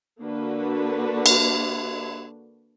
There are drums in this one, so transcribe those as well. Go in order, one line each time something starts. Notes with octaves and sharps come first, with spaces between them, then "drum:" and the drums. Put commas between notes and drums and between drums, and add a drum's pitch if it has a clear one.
D3 A#3 D4 F#4 B4
drum: cymbal